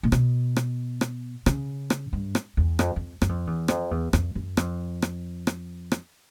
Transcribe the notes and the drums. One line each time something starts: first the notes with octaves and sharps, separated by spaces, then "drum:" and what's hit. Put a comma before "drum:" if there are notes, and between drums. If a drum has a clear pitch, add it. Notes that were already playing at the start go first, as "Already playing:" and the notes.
A#2
B2, drum: rim click
drum: rim click
drum: rim click
C#3, drum: rim click
drum: rim click
G2
drum: rim click
E2
F2, drum: rim click
F2
F#2, drum: rim click
F2
E2
F2, drum: rim click
E2
F2, drum: rim click
F#2
F2, drum: rim click
drum: rim click
drum: rim click
drum: rim click